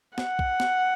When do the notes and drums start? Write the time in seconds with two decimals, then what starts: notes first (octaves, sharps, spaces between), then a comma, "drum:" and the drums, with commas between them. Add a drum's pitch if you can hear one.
0.18 F#5, drum: snare
0.39 drum: kick B1
0.60 drum: snare